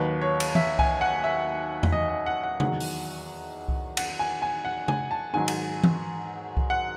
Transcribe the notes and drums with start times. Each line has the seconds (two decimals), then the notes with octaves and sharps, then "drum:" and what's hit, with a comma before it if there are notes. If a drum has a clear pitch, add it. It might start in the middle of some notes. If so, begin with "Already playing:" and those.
Already playing: D#2 D#3 F#3 B4
0.21 C#5
0.40 drum: cymbal
0.55 E5, drum: tom E3
0.79 G#5, drum: kick C2
1.01 F#5
1.24 E5
1.83 drum: tom E2
1.92 D#5
2.09 D#5
2.26 F#5
2.43 F#5
2.60 E2 D#3 F#3 F#5, drum: tom C3
2.80 drum: open hi-hat
3.68 drum: kick C2
3.97 F#5, drum: cymbal
4.19 G#5
4.42 G#5
4.65 F#5
4.88 G#5, drum: tom C3
5.11 A5
5.33 G#2 D#3 F#3 G#5
5.48 drum: cymbal
5.84 drum: tom E3
6.57 drum: kick C2
6.70 F#5